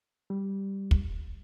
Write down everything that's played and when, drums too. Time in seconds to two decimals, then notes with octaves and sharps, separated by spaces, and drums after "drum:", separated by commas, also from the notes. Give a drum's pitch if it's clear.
0.30 G3
0.91 drum: kick